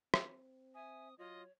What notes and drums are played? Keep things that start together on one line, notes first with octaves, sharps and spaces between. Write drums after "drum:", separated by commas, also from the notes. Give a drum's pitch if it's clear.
C4, drum: rim click
E5 G#5 D#6
F#3 F4 C#5 D#5